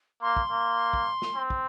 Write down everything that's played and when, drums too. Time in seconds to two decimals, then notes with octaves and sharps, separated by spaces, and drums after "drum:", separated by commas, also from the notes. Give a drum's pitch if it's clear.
0.22 A#3 C6
0.37 drum: kick
0.51 A#3
0.93 drum: kick
1.22 drum: snare
1.35 C4
1.50 drum: kick